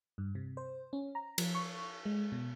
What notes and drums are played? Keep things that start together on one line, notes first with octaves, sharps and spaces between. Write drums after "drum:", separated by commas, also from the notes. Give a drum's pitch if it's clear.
G2
C3
C5
C#4
A#5
F3, drum: cymbal
C#6
G#3
B2